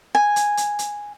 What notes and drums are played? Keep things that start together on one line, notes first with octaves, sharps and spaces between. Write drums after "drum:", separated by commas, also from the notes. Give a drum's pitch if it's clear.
G#5
drum: hi-hat
drum: hi-hat
drum: hi-hat